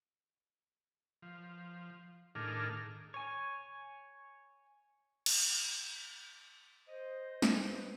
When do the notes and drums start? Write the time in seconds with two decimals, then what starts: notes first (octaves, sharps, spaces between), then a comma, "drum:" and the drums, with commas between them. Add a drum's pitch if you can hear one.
1.22 F3
2.35 A2 D#3 D4 G#4 A#4 F6
3.14 C#5 G#5
5.26 drum: cymbal
6.88 C5 D#5
7.42 drum: snare
7.67 B4